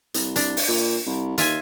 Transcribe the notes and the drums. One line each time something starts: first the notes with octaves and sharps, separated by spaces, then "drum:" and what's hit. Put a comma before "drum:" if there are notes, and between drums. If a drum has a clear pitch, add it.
C2, drum: hi-hat
D4, drum: hi-hat
drum: open hi-hat
A#2
C2
D#2 F4 E5 G#5, drum: hi-hat